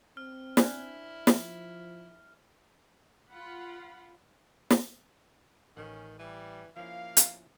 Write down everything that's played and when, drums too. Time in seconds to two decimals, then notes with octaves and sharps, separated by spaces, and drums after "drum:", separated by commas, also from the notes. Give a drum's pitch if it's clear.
0.17 C4 F6
0.57 D4 E4 C5 D5, drum: snare
1.27 F3, drum: snare
3.30 F4 F5 F#5 B5
4.70 drum: snare
5.77 A1 D#3 C#4 F#5
6.19 E3 G3
6.77 F3 A#3 C#4 E4 F5
7.17 drum: hi-hat